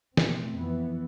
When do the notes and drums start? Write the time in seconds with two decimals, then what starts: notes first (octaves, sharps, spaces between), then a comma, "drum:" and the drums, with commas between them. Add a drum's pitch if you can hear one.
0.17 B2 A3 C4, drum: snare
0.55 F2 E3 B3